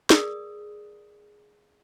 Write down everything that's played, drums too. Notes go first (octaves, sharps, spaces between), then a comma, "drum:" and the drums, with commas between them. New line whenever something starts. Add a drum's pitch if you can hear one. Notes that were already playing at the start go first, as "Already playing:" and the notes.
G#4 A#4 D5 D#6, drum: snare